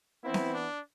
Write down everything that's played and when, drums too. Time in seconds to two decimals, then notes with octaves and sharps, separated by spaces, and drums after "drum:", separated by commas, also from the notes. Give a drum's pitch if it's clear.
0.24 E3 B3 C4 E4
0.34 drum: snare C4
0.55 D4